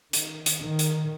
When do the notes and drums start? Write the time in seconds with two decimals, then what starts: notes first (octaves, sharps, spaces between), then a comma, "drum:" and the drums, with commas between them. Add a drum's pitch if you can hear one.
0.13 D#3, drum: hi-hat
0.46 drum: hi-hat
0.63 D#3
0.79 drum: hi-hat